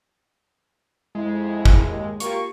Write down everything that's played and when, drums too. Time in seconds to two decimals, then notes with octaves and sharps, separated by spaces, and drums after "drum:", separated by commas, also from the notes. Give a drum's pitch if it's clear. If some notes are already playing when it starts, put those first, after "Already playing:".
1.15 F2 G#3 E4
1.65 drum: kick
1.86 D#2
2.20 A#3 F4 G4 C#6, drum: hi-hat